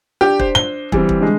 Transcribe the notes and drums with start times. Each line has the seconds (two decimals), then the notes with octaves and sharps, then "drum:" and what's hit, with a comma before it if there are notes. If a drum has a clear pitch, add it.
0.21 D4 G4
0.39 C5, drum: kick
0.55 G7
0.92 E3 G3 C4, drum: kick
1.09 drum: kick
1.20 D3 G#3